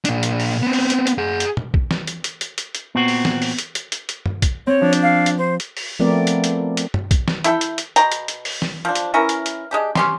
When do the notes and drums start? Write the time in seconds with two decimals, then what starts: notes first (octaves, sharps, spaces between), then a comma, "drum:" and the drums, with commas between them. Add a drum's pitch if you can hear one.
0.05 A#2 D4, drum: hi-hat
0.23 drum: hi-hat
0.40 drum: open hi-hat
0.63 B3 C4
0.73 drum: open hi-hat
0.90 drum: hi-hat
1.07 drum: hi-hat
1.18 G#4 F#5
1.40 drum: hi-hat
1.57 drum: tom
1.74 drum: kick
1.91 drum: snare
2.07 drum: hi-hat
2.24 drum: hi-hat
2.41 drum: hi-hat
2.58 drum: hi-hat
2.75 drum: hi-hat
2.95 A#2 B3 C4 F#4
3.08 drum: open hi-hat
3.25 drum: snare
3.42 drum: open hi-hat
3.58 drum: hi-hat
3.75 drum: hi-hat
3.92 drum: hi-hat
4.09 drum: hi-hat
4.26 drum: tom
4.42 drum: kick, hi-hat
4.67 C4 C#5
4.81 F3 D4
4.93 drum: hi-hat
5.02 F5
5.26 drum: hi-hat
5.38 C5
5.60 drum: hi-hat
5.77 drum: open hi-hat
5.99 F3 A3 B3 C4 A#4 D5
6.27 drum: hi-hat
6.44 drum: hi-hat
6.77 drum: hi-hat
6.94 drum: tom
7.11 drum: kick, hi-hat
7.28 drum: snare
7.44 E4 A4 G5, drum: hi-hat
7.61 drum: hi-hat
7.78 drum: hi-hat
7.96 B2 G5 A#5, drum: hi-hat
8.12 drum: hi-hat
8.28 drum: hi-hat
8.45 drum: open hi-hat
8.62 drum: snare
8.85 F3 D4
8.95 drum: hi-hat
9.14 E3 C#4 E4 A#4
9.29 drum: hi-hat
9.46 drum: hi-hat
9.71 G#3 D4 G4
9.95 C#4 G4 C6, drum: snare